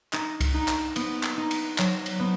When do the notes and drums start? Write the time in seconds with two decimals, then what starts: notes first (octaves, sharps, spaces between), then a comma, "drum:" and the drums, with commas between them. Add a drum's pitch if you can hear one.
0.13 D#4, drum: clap
0.41 drum: kick C2, cymbal
0.54 D#4
0.68 drum: clap
0.96 B3, drum: cymbal
1.23 drum: clap
1.37 D#4
1.51 drum: cymbal
1.78 F#3, drum: clap
2.06 drum: cymbal
2.20 B3